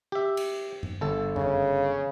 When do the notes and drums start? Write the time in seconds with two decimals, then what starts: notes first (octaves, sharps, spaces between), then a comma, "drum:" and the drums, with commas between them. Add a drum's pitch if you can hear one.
0.12 G4 E5
0.37 drum: cymbal
0.83 drum: tom F#2
1.01 G1 A4
1.36 C#3, drum: tom F#2